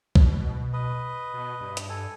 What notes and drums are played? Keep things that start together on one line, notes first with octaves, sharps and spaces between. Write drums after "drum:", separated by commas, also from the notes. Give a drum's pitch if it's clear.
B2, drum: kick
B4 D#5
B2
G2
drum: hi-hat
A4 G#5